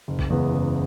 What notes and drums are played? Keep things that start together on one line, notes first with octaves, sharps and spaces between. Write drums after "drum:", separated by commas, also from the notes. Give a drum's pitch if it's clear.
F#1
drum: kick
E2 C#3 G#3 B3
F#1